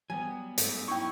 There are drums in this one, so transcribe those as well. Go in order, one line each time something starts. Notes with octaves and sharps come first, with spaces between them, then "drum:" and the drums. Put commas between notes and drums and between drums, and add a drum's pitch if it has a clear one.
F#3 G3 B3 G#5
G#2 A3, drum: hi-hat
C#4 D#4 E4 G5 C#6